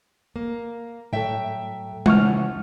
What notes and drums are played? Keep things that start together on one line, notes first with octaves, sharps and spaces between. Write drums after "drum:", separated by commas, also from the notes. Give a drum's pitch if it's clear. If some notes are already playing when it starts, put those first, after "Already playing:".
A#3
A2 F#3 A4 E5 G5
C#3 E3 F3 F#5 C#6 F6, drum: tom G#3